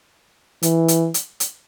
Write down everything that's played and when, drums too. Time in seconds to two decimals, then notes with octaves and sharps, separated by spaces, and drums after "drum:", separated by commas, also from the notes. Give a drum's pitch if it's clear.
0.63 E3, drum: hi-hat
0.88 drum: hi-hat
1.14 drum: hi-hat
1.40 drum: hi-hat